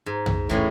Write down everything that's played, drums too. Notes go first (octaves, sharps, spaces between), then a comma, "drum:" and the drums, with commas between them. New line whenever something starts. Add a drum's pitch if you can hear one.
G#2
drum: tom
A2 E3 G#3 C#4, drum: kick